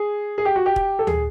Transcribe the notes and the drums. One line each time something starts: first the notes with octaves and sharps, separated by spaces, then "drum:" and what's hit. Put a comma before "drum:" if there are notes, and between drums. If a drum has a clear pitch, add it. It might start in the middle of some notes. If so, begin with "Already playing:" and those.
Already playing: G#4
G#4
G4
F#4
G4
drum: kick
A4
G#4, drum: tom D2